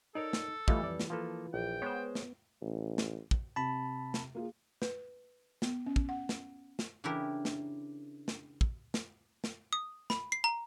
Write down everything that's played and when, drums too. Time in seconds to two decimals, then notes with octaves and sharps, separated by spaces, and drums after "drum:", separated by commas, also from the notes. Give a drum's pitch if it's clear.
0.15 D#4 A4 A#4 C#5 D5
0.33 drum: snare
0.68 E3 G3 A3 F4 C#5 D#5, drum: kick
0.83 F2 D5
0.99 drum: snare
1.10 F3 A#3 F4 A4 B4
1.54 A#1 G5
1.82 G#3 B3 C5 C#5
2.15 drum: snare
2.61 A1
2.98 drum: snare
3.31 drum: kick
3.56 C3 A5 B5
4.14 drum: snare
4.35 A#3 F4 G#4
4.82 B4, drum: snare
5.62 B3, drum: snare
5.86 C#4
5.96 drum: kick
6.09 F#5
6.29 drum: snare
6.79 drum: snare
7.04 C#3 E3 D4 E4 G4 A#4
7.45 drum: snare
8.28 drum: snare
8.61 drum: kick
8.94 drum: snare
9.44 drum: snare
9.73 D#6
10.10 B5, drum: snare
10.32 C7
10.44 A#5